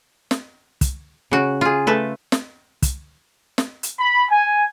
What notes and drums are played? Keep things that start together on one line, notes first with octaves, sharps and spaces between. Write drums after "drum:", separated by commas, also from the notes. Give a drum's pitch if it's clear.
drum: snare
drum: kick, hi-hat
C#3 F#4
F4 G#4
A3 A4 B4
drum: snare
drum: kick, hi-hat
drum: snare
drum: hi-hat
B5
G#5